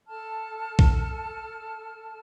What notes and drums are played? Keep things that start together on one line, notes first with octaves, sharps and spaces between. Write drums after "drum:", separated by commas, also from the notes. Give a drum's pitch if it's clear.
A4 A5 F6
drum: kick